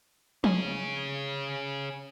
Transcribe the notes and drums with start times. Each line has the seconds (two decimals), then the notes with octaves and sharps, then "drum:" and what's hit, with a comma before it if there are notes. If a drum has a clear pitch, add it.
0.44 C#4 G#4, drum: tom F3